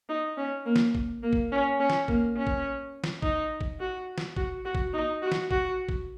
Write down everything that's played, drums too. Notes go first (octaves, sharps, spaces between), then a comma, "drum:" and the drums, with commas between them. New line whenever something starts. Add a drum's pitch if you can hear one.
D#4
C#4
A#3
drum: snare
drum: kick A1
A#3
drum: kick A1
C#4
C#4
drum: snare
A#3, drum: kick A1
C#4
drum: kick A1
drum: snare
D#4, drum: kick A1
drum: kick A1
F#4
drum: snare
F#4, drum: kick A1
F#4
drum: kick A1
D#4
F#4
drum: snare
F#4, drum: kick A1
drum: kick A1